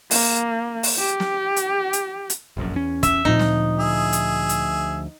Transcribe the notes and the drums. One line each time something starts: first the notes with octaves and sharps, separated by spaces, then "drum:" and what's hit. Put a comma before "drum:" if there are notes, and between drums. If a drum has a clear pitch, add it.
A#3, drum: open hi-hat
drum: open hi-hat
G4
drum: snare
drum: hi-hat
drum: hi-hat
drum: hi-hat
F1 A#1 F#2
E2 C#4
E5, drum: kick, hi-hat
D2 A#2 F3 C4 D#4
drum: snare
G#4 E5
drum: hi-hat
drum: hi-hat